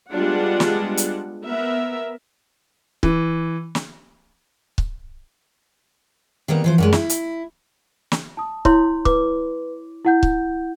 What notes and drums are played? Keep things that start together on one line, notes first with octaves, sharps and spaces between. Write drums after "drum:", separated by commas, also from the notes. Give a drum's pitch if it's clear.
G3 G#3 B3 D4 F4 F#5
drum: snare
drum: hi-hat
B3 A#4 E5
E3, drum: kick C#1
drum: snare
drum: kick C#1
D#3 G3 A#3 B3
E3 F3 C5
F#2 G3 G#3
E4, drum: snare
drum: hi-hat
drum: snare
A5 D#6
E4 C#5 C6, drum: kick C#1
B4 D6, drum: kick C#1
E4 F#5 G6
drum: kick C#1